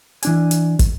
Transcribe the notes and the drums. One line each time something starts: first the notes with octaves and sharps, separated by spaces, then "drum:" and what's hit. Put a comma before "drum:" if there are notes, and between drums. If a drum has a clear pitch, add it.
E3 D4 G#5, drum: hi-hat
drum: hi-hat
drum: kick, hi-hat